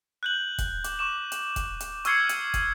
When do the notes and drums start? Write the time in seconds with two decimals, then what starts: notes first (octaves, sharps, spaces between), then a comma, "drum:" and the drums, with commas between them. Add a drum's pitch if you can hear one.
0.23 F#6 G6 F#7
0.58 drum: kick, hi-hat
0.84 D6, drum: hi-hat
0.99 C#6 D6 E7
1.32 drum: hi-hat
1.56 drum: kick, hi-hat
1.80 drum: hi-hat
2.05 C#6 E6 F6 G#6 C7 C#7, drum: hi-hat
2.20 F6 F#6
2.29 drum: hi-hat
2.54 drum: kick, hi-hat